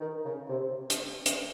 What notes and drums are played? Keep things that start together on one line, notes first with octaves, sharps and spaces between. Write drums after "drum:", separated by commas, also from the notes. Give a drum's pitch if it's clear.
D#3
C#3
C3
drum: hi-hat
drum: hi-hat